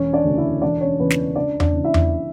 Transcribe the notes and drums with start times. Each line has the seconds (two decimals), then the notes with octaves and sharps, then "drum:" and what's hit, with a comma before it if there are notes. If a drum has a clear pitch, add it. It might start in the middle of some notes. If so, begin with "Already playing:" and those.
Already playing: E1 C#4 C#5
0.13 D4 D5
0.25 D2 C#3
0.37 E4 E5
0.62 E1 D4 D5
0.81 C#4 C#5
0.99 E2 C#3 E3 B4
1.10 drum: snare
1.35 C#2 D4 D5
1.60 D4 D5, drum: tom E2
1.73 C#3 E3
1.84 E4 E5
1.94 drum: tom E2